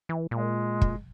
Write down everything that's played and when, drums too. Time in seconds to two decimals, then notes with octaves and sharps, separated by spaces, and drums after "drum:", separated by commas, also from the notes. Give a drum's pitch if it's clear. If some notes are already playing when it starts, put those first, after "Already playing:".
0.09 E3
0.31 A#2 G#3
0.81 drum: kick